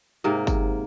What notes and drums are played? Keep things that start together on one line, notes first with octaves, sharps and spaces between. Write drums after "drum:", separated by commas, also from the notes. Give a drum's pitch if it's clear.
G#2 C3 A#3
drum: kick G1, tambourine